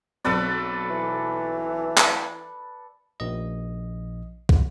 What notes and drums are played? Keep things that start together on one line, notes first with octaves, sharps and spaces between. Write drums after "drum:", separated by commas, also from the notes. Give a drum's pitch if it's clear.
B1 C4 A4 B4 D5
E3
drum: clap
A#1 D#5
drum: kick